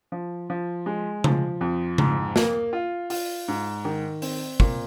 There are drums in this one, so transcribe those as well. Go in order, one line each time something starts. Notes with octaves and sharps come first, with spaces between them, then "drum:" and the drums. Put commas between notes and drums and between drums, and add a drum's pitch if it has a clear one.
F3
F3
G#3
F3, drum: tom C#3
F2
G#2, drum: tom C#3
A#3, drum: snare
F4
F4, drum: open hi-hat
G#2
D#3
C4, drum: open hi-hat
A#2, drum: kick